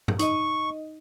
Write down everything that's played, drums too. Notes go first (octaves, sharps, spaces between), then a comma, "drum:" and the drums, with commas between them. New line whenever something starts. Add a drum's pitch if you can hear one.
drum: tom G2
D#4 D#5 C#6, drum: hi-hat